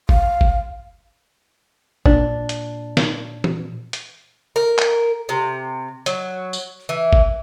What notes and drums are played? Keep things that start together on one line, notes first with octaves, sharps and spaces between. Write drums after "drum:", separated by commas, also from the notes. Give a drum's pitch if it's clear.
F5, drum: kick G1
drum: kick G1
A#2 D4, drum: kick G1
drum: hi-hat
drum: snare
drum: tom E3
drum: hi-hat
A#4
drum: clap
C3
F#3, drum: hi-hat
drum: tambourine
E3
drum: kick G1